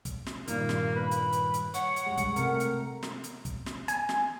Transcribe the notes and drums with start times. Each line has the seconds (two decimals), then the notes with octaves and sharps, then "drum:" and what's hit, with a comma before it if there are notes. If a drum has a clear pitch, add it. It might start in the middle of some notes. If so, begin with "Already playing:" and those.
0.05 drum: kick, hi-hat
0.26 drum: snare
0.48 G2 A#2 D#3 A#3, drum: hi-hat
0.69 drum: snare
0.95 B4
1.11 drum: hi-hat
1.33 drum: hi-hat
1.54 drum: hi-hat
1.74 C#5 F#5, drum: hi-hat
1.96 drum: hi-hat
2.06 G2 G#3
2.18 drum: kick, hi-hat
2.36 C3 A3 A#4, drum: hi-hat
2.60 drum: hi-hat
3.03 drum: snare
3.24 drum: hi-hat
3.45 drum: kick, hi-hat
3.66 drum: snare
3.88 G#5, drum: hi-hat
4.09 drum: snare